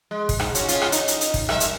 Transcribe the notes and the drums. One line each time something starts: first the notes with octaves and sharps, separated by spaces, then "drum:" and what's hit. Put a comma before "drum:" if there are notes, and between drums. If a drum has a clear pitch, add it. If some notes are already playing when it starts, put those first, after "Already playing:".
G#3
drum: kick, open hi-hat
G#2, drum: rim click
C#4 F#4, drum: hi-hat
C#3 C#4 F4, drum: hi-hat
drum: rim click
D#4, drum: hi-hat
drum: hi-hat
drum: hi-hat
drum: kick, open hi-hat
G3 A#4 E5, drum: rim click
drum: hi-hat